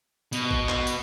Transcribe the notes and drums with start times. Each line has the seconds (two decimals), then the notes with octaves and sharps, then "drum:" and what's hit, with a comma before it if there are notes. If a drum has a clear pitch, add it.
0.33 B2, drum: tambourine
0.51 drum: kick G#1
0.69 drum: clap
0.87 drum: tambourine